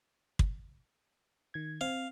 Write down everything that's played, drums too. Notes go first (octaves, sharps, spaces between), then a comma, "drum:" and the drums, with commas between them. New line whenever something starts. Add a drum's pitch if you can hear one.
drum: kick
D#3 G#6
C4 F5